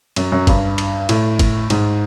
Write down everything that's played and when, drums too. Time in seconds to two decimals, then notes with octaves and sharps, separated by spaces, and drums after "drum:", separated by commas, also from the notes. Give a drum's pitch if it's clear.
0.16 F#2, drum: cymbal
0.32 F#2
0.47 G2, drum: kick, cymbal
0.78 drum: cymbal
1.09 A2, drum: cymbal
1.39 drum: kick, cymbal
1.70 G#2, drum: cymbal